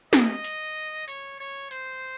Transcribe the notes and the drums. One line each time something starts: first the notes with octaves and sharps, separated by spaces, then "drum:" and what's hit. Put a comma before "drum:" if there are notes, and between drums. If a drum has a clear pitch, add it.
D#5, drum: snare
drum: hi-hat
C#5, drum: hi-hat
C#5
C5, drum: hi-hat